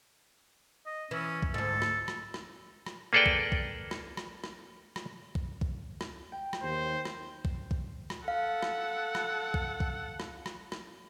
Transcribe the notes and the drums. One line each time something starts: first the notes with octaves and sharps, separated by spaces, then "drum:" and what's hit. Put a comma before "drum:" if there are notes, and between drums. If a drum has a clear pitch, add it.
D#5
E3 C#4
drum: kick B1
D2 G#2 A4
drum: rim click
drum: rim click
drum: rim click
drum: rim click
A#3 G#4 A4 B4 D5 G5
drum: kick B1
drum: kick B1
drum: rim click
drum: rim click
drum: rim click
drum: rim click
drum: kick B1
drum: kick B1
drum: rim click
G5
drum: rim click
D#2 C5
drum: rim click
drum: kick B1
drum: kick B1
drum: rim click
A4 F5 F#5
drum: rim click
drum: rim click
drum: kick B1
drum: kick B1
drum: rim click
drum: rim click
drum: rim click